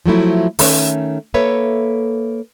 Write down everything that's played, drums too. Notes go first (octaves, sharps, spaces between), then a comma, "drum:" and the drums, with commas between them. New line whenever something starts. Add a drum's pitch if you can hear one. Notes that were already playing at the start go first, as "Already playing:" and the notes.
F3 F#3 A3 E4
D#3 A3 C#4, drum: open hi-hat
A#3 A4 B4 C#5 E5